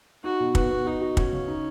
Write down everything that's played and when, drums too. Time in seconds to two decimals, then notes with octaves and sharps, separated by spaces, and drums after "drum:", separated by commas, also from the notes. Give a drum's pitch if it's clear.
0.24 D#4 F#4
0.40 B2
0.55 B3 F#4, drum: kick
0.70 B3
0.86 D#4 F#4
1.01 F#4
1.17 C#4 F#4, drum: kick
1.32 C#3
1.48 D#4